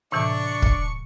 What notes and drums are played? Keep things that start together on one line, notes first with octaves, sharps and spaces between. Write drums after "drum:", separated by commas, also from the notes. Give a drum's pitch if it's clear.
A2 C3 E3 D4 D5 C#6
drum: kick